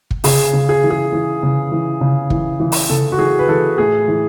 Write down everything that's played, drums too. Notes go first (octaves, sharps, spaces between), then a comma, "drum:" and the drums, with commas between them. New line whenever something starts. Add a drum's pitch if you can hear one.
drum: kick
C#3 G#4, drum: open hi-hat
C#3
G#4
E3
G#4
E3
C#3
E3
C#3
E3, drum: kick
E3
drum: open hi-hat
C#3 A4
F#4
E3 G#4
B4
E3 A4
A2 G#4
E3